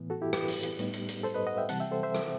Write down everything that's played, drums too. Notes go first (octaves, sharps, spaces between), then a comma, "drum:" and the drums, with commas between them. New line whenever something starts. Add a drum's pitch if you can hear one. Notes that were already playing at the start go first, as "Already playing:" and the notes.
Already playing: A2 E3 B3
F#4 A4
E4 G4
G4 B4, drum: rim click
drum: open hi-hat
drum: hi-hat
A2 G3 B3 D#4, drum: hi-hat
drum: hi-hat
drum: hi-hat
A4 C5
B4 D#5
D#5 F#5
E5 G5
C3 E3 G3 C4 F#5 A5, drum: hi-hat
E5 G5
A4 C5
C5 E5
drum: rim click